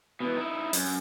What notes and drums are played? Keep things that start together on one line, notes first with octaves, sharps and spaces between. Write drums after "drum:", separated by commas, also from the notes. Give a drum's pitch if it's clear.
B2 E3
D#4 E4
F#2, drum: open hi-hat